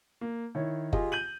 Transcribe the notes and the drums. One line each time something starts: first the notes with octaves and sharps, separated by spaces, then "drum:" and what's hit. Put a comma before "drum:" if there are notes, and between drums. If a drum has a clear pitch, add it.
A#3
D#3 E4 C#5
F4 G4 G#4 D#5, drum: kick F#1
G6 D#7 F#7